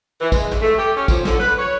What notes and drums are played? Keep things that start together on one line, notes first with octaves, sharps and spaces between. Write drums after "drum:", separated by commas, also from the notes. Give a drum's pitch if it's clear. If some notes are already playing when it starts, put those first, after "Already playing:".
E3
G#3, drum: kick, tambourine
drum: snare
A3
G4
C#4
F3, drum: kick, tambourine
D3, drum: snare
B4
C#5